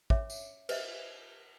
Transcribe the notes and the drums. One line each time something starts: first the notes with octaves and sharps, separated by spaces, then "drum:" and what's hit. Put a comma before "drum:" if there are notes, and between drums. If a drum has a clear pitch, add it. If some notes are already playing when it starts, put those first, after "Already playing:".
C#4 D4 C#5 E5 D6, drum: kick
drum: tambourine
B4 C5 D#5 E5, drum: cymbal